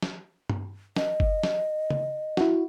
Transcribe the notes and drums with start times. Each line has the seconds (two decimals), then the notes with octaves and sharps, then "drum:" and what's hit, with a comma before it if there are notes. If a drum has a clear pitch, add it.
0.03 drum: snare
0.49 drum: tom G2
0.96 D#5, drum: snare
1.20 drum: kick
1.43 drum: snare
1.90 drum: tom
2.37 E4 F#4, drum: snare